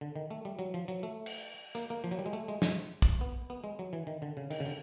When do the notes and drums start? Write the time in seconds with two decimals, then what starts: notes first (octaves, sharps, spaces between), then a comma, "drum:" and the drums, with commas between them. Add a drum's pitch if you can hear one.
0.01 D3
0.16 D#3
0.31 A3
0.45 G3
0.59 F#3
0.74 F3
0.88 F#3
1.03 A3
1.26 drum: cymbal
1.75 A#3, drum: hi-hat
1.90 A#3
2.04 F3
2.11 F#3
2.19 G3
2.26 G#3
2.33 A3
2.48 G#3
2.62 G#3, drum: snare
3.02 drum: kick
3.21 B3
3.50 B3
3.64 G#3
3.79 F#3
3.93 E3
4.07 D#3
4.22 D3
4.37 C#3
4.50 D#3, drum: cymbal
4.60 C#3
4.66 D3